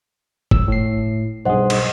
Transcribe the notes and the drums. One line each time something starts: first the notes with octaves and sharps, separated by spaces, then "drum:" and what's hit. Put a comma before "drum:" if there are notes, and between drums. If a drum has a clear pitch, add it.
E6, drum: kick
A2 C7
B1 G2 G#4 C5 D#5 F#5
drum: cymbal